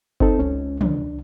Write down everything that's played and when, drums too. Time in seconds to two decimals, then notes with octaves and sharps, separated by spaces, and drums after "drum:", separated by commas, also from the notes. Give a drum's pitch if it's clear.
0.20 C4 D#4 A4, drum: kick F#1
0.39 C#2 C#4
0.81 C2 D4, drum: tom